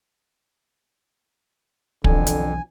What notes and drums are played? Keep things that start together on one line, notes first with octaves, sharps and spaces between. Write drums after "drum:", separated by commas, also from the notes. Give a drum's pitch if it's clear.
B1 F2 D3 E3 G#5, drum: kick
drum: hi-hat